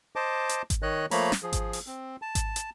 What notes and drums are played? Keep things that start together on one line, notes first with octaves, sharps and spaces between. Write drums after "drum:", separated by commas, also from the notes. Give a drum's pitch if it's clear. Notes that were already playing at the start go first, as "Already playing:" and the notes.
C5 D#5 A5 D6
drum: hi-hat
drum: kick G#1, hi-hat
D#3 C#5 D#5 F#6
F3 A3 A#3 C#5 A#5 B5, drum: open hi-hat
drum: snare
F3 G#4
drum: kick G#1, hi-hat
drum: open hi-hat
C4
A5
drum: kick G#1, hi-hat
drum: hi-hat